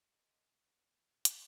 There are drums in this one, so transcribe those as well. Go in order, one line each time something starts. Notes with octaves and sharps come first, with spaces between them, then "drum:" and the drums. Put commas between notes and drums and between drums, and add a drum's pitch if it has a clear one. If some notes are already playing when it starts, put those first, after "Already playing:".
A#4 D5 D#5 F5 G#5 C6
A#3 B3 D4 A#4 C#5 D5
C3 E3
drum: hi-hat